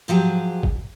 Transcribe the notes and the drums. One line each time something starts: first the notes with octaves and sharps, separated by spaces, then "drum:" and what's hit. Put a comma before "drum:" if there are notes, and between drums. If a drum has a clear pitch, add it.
G#2 F3 F#3 G4 G#4
drum: kick